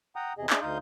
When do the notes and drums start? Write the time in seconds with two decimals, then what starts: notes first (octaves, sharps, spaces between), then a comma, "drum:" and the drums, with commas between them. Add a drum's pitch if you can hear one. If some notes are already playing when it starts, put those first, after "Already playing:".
0.16 F#5 G5 A#5 D#6
0.38 E2 C3 G#4 D#5
0.50 D4 G#4 D#5 E5, drum: clap
0.62 D2 D#4 F5 C6 D#6 G6